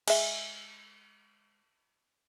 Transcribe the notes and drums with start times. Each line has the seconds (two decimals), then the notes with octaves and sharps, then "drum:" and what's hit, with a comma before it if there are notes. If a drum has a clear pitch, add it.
0.08 G#3 E5, drum: cymbal